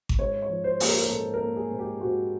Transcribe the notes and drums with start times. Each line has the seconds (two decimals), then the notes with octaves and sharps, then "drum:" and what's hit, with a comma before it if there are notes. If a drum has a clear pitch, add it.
0.09 drum: kick G#1
0.19 G#2 C#5
0.42 C#5
0.49 F3
0.64 C5
0.80 A#3, drum: open hi-hat
0.88 A#4
1.02 A#4
1.10 G#2 A4
1.34 A#4
1.41 A#3
1.56 G#4
1.71 G#2
1.79 G4
2.01 G#2 F#4